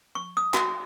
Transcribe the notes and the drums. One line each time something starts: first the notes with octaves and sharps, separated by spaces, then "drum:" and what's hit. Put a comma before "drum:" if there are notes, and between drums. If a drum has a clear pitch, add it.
C#6
D#6
F#4, drum: clap